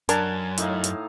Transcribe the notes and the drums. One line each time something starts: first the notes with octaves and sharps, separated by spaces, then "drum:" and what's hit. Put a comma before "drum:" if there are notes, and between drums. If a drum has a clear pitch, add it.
F#2 D4 A#4 F#5 G#5 A5, drum: hi-hat
A2 D#4 F5, drum: hi-hat
drum: hi-hat